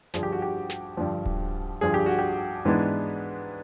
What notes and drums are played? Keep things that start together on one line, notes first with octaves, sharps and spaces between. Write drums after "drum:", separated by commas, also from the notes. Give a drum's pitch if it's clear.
G2 D3 F3 G#4, drum: snare
G4
F#4
G4
drum: snare
G2 D3 F3
drum: kick D1
G2 D3 F3 G#4
G4
F#4
G4
G#2 E3 G#3 B3 D4